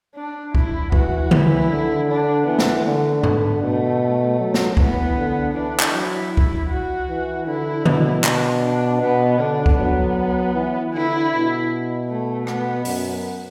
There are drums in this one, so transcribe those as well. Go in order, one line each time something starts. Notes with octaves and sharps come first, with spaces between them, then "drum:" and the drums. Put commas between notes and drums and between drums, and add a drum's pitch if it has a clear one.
D4
E4, drum: kick C2
E3 F#4, drum: kick C2
E4, drum: tom D3
D3
D4
E3 B3
drum: snare
D3 A3
D3 B3, drum: tom G#2
B2 A3
F#3
drum: snare
E3 B3, drum: kick C2
D3
E3 D4
drum: clap
F#3 E4
drum: kick C2
F#4
E3
D3 E4
B2, drum: tom D3
D4, drum: clap
D4
B2 B3
D3 D4
drum: kick C2
F#3 B3
E3
D3 E4
B2
A3
B3, drum: rim click
F#2, drum: open hi-hat